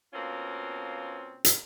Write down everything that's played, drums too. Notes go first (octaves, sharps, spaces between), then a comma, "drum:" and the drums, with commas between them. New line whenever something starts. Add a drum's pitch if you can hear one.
B2 A#3 C4 C#4 F4
drum: hi-hat